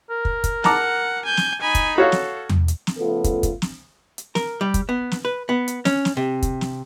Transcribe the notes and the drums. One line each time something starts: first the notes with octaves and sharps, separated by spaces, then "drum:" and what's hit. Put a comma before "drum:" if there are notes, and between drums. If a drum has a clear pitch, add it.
A#4
drum: kick
drum: kick, hi-hat
F#5 A5 A#5 D6, drum: snare
G#5 G6
drum: snare
D#4 G#5 B5
drum: kick, hi-hat
F#4 A4 C#5 F5
drum: snare
drum: tom E2
drum: hi-hat
drum: snare
C#3 F3 A3 B3 F4 A4
drum: kick, hi-hat
drum: kick, hi-hat
drum: snare
drum: hi-hat
A#4, drum: snare
G3
drum: kick, hi-hat
B3
drum: snare
B4
B3
drum: hi-hat
C#4, drum: snare
drum: snare
C3
drum: kick, hi-hat
drum: snare